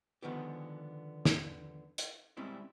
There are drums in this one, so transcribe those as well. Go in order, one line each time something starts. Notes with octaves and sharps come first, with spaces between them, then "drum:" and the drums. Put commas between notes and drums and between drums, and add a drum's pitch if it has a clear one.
D3 D#3 F3 G#3 B3 G4
drum: snare
drum: hi-hat
G3 G#3 C4 C#4 E4